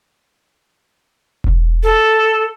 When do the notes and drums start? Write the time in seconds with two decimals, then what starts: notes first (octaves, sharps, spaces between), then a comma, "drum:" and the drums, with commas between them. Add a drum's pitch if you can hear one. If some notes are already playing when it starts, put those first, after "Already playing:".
1.44 drum: kick E1
1.83 A4